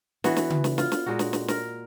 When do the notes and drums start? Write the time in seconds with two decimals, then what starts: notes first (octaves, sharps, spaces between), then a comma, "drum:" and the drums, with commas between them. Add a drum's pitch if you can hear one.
0.24 E3 B3 F#4, drum: snare
0.36 drum: snare
0.50 drum: tom C#3
0.64 drum: snare
0.78 F4, drum: snare
0.92 drum: snare
1.06 A#2 G#3 D#4 F#4
1.19 drum: snare
1.33 drum: snare
1.48 A#4, drum: snare